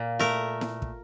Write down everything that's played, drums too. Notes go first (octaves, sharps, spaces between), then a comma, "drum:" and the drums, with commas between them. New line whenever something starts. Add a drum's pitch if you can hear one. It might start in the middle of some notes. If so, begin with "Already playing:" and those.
Already playing: A#2 A#3
A3 A#4, drum: snare E4
drum: snare E4
drum: kick